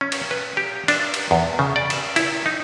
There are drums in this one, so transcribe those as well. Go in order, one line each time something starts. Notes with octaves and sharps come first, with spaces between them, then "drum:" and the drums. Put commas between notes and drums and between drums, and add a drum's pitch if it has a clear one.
C#4
drum: cymbal
B4
G4
D4, drum: cymbal
drum: cymbal
E2
C#3
D5
drum: cymbal
E4, drum: cymbal
D#4